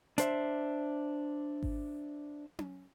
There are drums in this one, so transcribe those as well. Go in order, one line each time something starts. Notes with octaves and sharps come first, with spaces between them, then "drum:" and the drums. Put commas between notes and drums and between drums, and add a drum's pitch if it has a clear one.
D4 C5 E5, drum: hi-hat
drum: kick G#1
drum: tom C#4